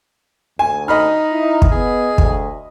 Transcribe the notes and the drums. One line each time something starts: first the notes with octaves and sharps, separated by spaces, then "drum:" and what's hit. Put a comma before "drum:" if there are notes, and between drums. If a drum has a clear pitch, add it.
D2 G#5
D#4 D#5 B5 F6
E4
drum: kick
B3 G#4
D2, drum: kick